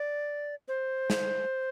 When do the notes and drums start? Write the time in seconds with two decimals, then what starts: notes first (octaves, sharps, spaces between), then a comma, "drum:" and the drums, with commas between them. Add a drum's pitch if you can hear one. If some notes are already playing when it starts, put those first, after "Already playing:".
Already playing: D5
0.68 C5
1.10 drum: snare